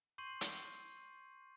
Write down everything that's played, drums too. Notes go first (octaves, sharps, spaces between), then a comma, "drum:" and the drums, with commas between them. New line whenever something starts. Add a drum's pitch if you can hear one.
C6 C#6 G6 C7 D#7 F#7
drum: hi-hat